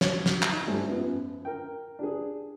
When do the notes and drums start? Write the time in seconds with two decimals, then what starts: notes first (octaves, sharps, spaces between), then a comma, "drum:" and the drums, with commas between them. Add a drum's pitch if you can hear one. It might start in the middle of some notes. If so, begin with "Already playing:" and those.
0.01 C#5, drum: snare
0.26 drum: snare
0.42 drum: clap
0.53 D#4
0.67 G#2 G3 A3
0.87 F#2 F3 B3
1.45 A#4 G5
1.99 D4 G4 G#4